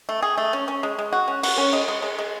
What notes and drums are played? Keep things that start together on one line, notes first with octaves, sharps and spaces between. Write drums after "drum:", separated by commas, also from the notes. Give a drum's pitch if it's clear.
A3
G#4
A3
C#4
C#4
G#3
G#3
F#4
C#4
F#4, drum: cymbal
C#4
G#3
G#3
G#3
G#3